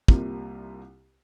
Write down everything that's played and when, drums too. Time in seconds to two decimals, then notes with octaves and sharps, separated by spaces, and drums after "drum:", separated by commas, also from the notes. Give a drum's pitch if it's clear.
0.08 C2 C3 G3 A#3 F4, drum: kick